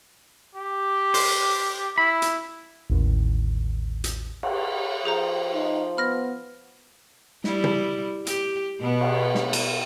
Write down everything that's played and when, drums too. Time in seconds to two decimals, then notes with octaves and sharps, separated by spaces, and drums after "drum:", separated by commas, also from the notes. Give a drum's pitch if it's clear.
0.55 G4
1.14 C5, drum: open hi-hat
1.98 E4 B5
2.22 drum: hi-hat
2.90 A1 D#2
4.04 drum: hi-hat
4.43 drum: cymbal
5.05 F3 G#4 C5 A#5
5.54 D#4
5.97 B3 B5 F6 A#6
7.44 G3 E4, drum: snare
7.64 drum: tom
8.27 G4, drum: hi-hat
8.81 B2 B3
9.01 drum: cymbal
9.35 drum: snare
9.53 drum: cymbal